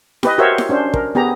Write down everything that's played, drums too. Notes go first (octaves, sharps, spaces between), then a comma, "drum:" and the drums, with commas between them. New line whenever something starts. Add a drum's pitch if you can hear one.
G4 B4 D#5, drum: snare E4
F#4 G4 A#4 C5 C#5 E5
drum: snare E4
C#4 D4 C5
A#4, drum: kick
B3 G4 G#4 A#5